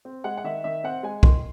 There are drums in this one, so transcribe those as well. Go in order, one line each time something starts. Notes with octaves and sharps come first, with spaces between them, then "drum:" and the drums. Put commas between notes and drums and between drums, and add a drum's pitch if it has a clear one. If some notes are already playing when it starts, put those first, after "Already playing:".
C4
G#3 F#5
F#5
D#3 E5
D#3 E5
C4 F#5
G#3 G#5
D#3 C6, drum: kick